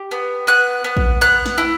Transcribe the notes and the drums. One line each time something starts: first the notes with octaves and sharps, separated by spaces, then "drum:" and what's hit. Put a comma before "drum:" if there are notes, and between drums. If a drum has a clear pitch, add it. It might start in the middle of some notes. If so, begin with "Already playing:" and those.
Already playing: G4
B3
B3 F#6
B3
drum: kick A#1
B3 F#6
drum: snare
E4